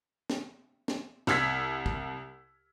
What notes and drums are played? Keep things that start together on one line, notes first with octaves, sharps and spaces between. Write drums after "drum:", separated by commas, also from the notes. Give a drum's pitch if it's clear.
drum: snare
drum: snare
C2 E6 F6 G#6 B6, drum: snare
drum: kick